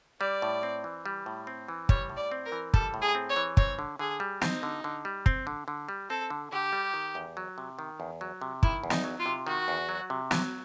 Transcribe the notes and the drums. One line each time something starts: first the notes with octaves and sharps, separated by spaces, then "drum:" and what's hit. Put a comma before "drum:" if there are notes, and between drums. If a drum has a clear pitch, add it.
G3 D5
A2
C4
E3
G3
A2
C4
E3
G3 C#5, drum: kick
A2
D5
C4
A#4
E3
G3 A4, drum: kick
A2
G#4
C4
C#5
E3
C4 C#5, drum: kick
D3
D3 G#4
G3
C4 D#4, drum: snare
D3
D3
G3
C4, drum: kick
D3
D3
G3
C4 A4
D3
D3 G4
G3
D#3
E2
F#3
C3
D#3
E2
F#3
C3
D#3 E4, drum: kick
E2
D#4, drum: snare
F#3
F4
C3
D#3 F#4
E2
F#3
C3
F#3, drum: snare